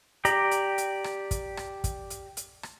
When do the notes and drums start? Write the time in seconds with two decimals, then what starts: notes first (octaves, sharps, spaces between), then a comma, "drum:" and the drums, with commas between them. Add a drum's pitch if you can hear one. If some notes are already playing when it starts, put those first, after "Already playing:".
0.25 G4 D5 A#5, drum: hi-hat
0.51 drum: hi-hat
0.78 drum: hi-hat
1.04 drum: rim click
1.31 drum: kick, hi-hat
1.57 drum: rim click
1.84 drum: kick, hi-hat
2.10 drum: hi-hat
2.37 drum: hi-hat
2.63 drum: rim click